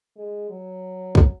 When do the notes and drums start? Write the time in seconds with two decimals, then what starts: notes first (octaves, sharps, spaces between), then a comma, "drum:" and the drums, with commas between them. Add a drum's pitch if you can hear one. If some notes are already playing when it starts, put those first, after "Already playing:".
0.16 G#3
0.50 F#3
1.15 drum: kick